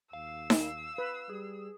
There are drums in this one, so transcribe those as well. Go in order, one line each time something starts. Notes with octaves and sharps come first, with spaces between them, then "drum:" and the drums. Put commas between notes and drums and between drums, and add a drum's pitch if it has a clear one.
D#2 F5 E6
drum: snare D#4
B4
G3 G#4